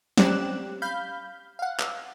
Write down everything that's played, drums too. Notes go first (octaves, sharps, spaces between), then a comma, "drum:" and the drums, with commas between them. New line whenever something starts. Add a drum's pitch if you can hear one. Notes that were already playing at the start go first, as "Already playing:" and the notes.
C4 C#4 G4 D5 F#6 E7, drum: snare
F5 B5 G6
F5 F#5
drum: clap